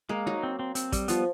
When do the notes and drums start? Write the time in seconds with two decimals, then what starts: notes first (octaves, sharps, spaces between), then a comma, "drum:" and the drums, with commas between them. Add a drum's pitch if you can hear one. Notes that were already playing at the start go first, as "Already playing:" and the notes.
0.09 G#3 A#3
0.26 F#3 D#4
0.43 C4
0.59 C4
0.75 C4, drum: hi-hat
0.92 G3, drum: kick, hi-hat
1.08 F3 B3, drum: hi-hat